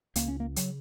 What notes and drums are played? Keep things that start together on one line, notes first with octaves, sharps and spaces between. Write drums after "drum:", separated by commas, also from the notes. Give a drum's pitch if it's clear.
C#2 A#3, drum: hi-hat
C#4
A#3
C#3 F#3, drum: hi-hat